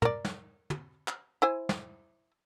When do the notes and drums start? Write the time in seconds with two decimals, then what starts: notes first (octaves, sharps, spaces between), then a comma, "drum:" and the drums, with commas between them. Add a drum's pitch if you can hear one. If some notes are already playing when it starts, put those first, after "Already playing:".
0.02 A#4 D5, drum: tom
0.25 drum: snare
0.70 drum: tom
1.08 drum: clap
1.42 E4 C5 G#5
1.69 drum: snare